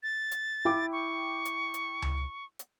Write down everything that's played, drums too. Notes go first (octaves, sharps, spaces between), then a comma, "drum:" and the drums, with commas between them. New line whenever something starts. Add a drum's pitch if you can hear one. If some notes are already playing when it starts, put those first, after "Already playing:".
A6
drum: hi-hat
E4 G5 D6
C#6
drum: hi-hat
drum: hi-hat
drum: tom C#2
drum: hi-hat